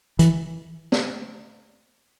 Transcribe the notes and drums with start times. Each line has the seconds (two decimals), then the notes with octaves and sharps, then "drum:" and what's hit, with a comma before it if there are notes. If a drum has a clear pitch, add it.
0.19 E3, drum: hi-hat
0.92 drum: snare